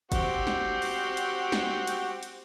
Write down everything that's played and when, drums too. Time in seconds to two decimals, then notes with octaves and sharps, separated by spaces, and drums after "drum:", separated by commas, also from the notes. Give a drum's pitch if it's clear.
0.12 C4 F#4 G4, drum: kick, hi-hat
0.47 drum: snare
0.82 drum: open hi-hat
1.17 drum: hi-hat
1.52 drum: snare
1.87 drum: hi-hat
2.23 drum: hi-hat